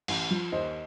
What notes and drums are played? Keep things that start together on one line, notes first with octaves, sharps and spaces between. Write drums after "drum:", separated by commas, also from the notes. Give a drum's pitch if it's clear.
A1, drum: cymbal
F3
D#2 C5 D#5